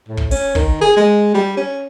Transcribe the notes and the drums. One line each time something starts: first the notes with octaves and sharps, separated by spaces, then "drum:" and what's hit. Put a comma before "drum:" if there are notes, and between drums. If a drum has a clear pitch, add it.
A2
drum: kick
C#4, drum: open hi-hat
D#3, drum: kick
G#4
G#3
G3
C#4